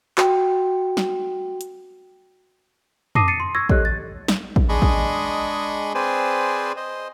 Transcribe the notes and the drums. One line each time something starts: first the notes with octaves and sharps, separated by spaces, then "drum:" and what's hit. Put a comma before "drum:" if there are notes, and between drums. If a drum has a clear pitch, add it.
F#4 G5, drum: clap
drum: snare
drum: hi-hat
A5 D6 D#6 A#6 C7 D#7, drum: tom
A6 C7 C#7 D#7
C6
C#6 E6 G#6 A#6
G4 A4 C#5 D#5 F#6, drum: kick
A6
drum: snare
drum: kick
G#3 D4 G#4 D#5 B5 C#6
drum: kick
C4 G#4 B4 C5 D5 G#5
C5 D#5